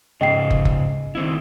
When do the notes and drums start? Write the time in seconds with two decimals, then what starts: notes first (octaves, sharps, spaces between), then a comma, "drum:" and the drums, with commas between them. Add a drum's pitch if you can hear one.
0.21 G#2 C#3 G#4 D#5 G5 C7
0.50 drum: kick
0.65 drum: kick
1.15 D#3 C4 E4